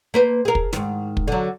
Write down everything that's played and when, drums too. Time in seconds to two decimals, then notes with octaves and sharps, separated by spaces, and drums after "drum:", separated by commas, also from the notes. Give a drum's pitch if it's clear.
0.14 A#3 B4 C5
0.45 G#4 A#4
0.55 drum: kick
0.73 G#2 D#3, drum: snare
1.17 drum: kick
1.28 D3 F#3